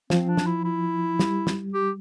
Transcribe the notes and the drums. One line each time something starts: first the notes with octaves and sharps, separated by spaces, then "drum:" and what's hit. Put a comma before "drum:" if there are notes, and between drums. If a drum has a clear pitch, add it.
F3 C4, drum: snare
D4
drum: snare
E4
E4
G3, drum: snare
drum: snare
G4